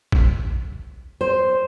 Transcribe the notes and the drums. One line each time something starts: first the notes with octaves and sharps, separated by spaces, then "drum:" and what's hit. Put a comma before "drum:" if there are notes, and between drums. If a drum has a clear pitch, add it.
drum: kick
C5